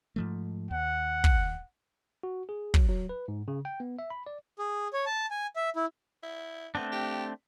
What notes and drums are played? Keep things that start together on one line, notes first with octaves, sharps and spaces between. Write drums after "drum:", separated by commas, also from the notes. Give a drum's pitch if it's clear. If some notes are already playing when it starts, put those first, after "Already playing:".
G#2 F3 A3
D#2 F#5
drum: kick
F#4
G#4
F#3, drum: kick
F#3
B4
G#2
C#3
G5
B3
E5
B5
D5
G#4
C#5
A5
G#5
E5
E4
E4
A3 B3 C4 D4
G4